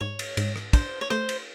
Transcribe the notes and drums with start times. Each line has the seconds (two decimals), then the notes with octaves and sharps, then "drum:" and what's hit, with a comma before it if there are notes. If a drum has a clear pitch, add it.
0.01 G#2 C#5
0.19 drum: cymbal
0.37 G#2, drum: cymbal
0.56 drum: rim click
0.73 D4 C5, drum: kick, cymbal
1.01 C#5
1.10 A3 C5, drum: rim click
1.29 drum: cymbal